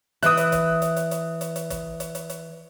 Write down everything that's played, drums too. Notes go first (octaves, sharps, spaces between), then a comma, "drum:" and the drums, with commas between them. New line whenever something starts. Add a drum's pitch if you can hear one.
E3 E5 D#6 F#6, drum: hi-hat
drum: hi-hat
drum: kick, hi-hat
drum: hi-hat
drum: hi-hat
drum: hi-hat
drum: hi-hat
drum: hi-hat
drum: kick, hi-hat
drum: hi-hat
drum: hi-hat
drum: hi-hat